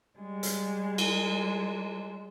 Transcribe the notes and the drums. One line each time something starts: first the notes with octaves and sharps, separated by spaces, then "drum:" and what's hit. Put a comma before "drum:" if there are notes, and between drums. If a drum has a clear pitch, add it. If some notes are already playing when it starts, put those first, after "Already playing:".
G3 G#3
drum: hi-hat
drum: cymbal